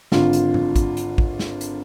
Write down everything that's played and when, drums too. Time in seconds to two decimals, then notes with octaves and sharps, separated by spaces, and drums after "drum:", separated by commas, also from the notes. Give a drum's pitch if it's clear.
0.12 G#1 D3 F4, drum: snare
0.33 drum: hi-hat
0.54 drum: tom G#2
0.76 drum: kick, hi-hat
0.97 drum: hi-hat
1.18 drum: kick
1.39 drum: snare
1.61 drum: hi-hat